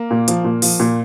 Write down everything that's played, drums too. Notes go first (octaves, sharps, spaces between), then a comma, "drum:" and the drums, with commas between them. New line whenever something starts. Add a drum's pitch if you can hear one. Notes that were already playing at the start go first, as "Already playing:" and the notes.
Already playing: A#3
A#2
F3, drum: hi-hat
A#2
F3, drum: open hi-hat
A#2